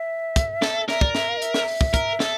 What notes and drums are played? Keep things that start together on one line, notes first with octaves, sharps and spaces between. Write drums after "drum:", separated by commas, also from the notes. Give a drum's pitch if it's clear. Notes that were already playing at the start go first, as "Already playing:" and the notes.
Already playing: E5
drum: kick, hi-hat
A4, drum: snare
A#4 E5, drum: snare
D5, drum: kick
E5, drum: snare
F5
D#5
E5, drum: hi-hat
drum: snare
drum: open hi-hat
drum: kick
A#4, drum: kick, hi-hat
A4, drum: snare